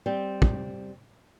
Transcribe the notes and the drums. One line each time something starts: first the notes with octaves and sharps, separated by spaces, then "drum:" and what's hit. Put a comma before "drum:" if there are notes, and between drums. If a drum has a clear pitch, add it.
G3 C4
drum: kick